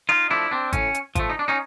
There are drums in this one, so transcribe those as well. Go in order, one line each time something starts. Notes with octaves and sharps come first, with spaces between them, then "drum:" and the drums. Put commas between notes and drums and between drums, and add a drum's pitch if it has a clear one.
D#4 F4
F3 A3 D4 E4
C4 D4
A2 C#4, drum: kick G#1, hi-hat
drum: hi-hat
F3 A3, drum: kick G#1, hi-hat
D#4
D4
C#4 D#4